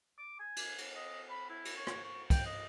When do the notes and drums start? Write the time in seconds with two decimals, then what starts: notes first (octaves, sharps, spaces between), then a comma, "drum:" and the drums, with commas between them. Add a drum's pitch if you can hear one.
0.18 D6
0.39 G#5
0.56 drum: cymbal
0.78 drum: cymbal
0.96 D#5
1.30 B5
1.50 E4
1.65 drum: cymbal
1.76 C#5
1.87 drum: rim click
2.04 C#6
2.30 G5, drum: kick, cymbal
2.45 D#5